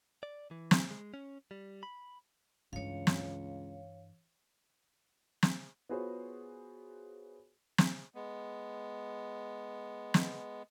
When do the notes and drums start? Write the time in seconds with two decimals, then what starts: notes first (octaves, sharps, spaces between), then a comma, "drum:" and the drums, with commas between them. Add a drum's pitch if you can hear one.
0.23 D5
0.51 E3
0.71 drum: snare
0.91 G#3
1.14 C#4
1.51 G3
1.83 B5
2.73 C#2 G2 E3 C#5 F5
3.07 drum: snare
5.43 drum: snare
5.89 B3 F4 F#4 G#4 C5 C#5
7.78 drum: snare
8.15 G#3 B3
10.14 drum: snare